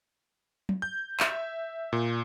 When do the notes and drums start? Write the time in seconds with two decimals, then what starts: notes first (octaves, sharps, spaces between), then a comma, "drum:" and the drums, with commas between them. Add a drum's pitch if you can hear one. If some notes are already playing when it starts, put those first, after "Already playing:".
0.69 drum: tom
0.82 G6
1.20 E5, drum: clap
1.93 A#2